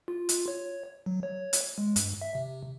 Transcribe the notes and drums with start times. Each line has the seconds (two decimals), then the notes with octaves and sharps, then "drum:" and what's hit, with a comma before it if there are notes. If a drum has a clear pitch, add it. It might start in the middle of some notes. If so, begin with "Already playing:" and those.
0.08 F4
0.29 drum: hi-hat
0.48 C#5
1.06 F#3
1.23 C#5
1.53 drum: hi-hat
1.78 G#3
1.96 G2, drum: hi-hat
2.21 E5
2.35 C3